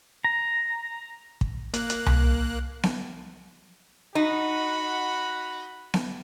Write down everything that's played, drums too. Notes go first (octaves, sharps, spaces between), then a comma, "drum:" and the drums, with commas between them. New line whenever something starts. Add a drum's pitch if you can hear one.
A#5
drum: kick
A#3 F#6, drum: hi-hat
drum: hi-hat
drum: tom C2
drum: snare B3
D#4 F#4 F#5 B5
drum: snare B3